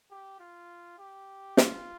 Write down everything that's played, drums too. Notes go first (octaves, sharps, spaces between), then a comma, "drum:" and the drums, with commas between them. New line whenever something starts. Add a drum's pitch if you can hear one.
G4
F4
G4
F4, drum: snare